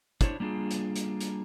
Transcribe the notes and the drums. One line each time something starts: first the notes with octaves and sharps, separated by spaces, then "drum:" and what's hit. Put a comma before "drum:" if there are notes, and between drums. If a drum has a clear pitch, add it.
D4 E4 C5 C#5, drum: kick, hi-hat
G3 A#3 D4 F4 G#4
drum: hi-hat
drum: hi-hat
drum: hi-hat